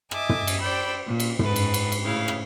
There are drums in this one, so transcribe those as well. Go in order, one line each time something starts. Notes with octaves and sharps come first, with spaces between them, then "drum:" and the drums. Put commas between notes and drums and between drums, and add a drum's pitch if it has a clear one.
D#5 E5 G#5 A5 D6, drum: rim click
drum: tom
drum: cymbal
C5 D5 G5 B5 E6
A#2
drum: cymbal
G#2 B4, drum: tom
drum: cymbal
drum: cymbal
drum: cymbal
A2 C#3 E4 F5
drum: rim click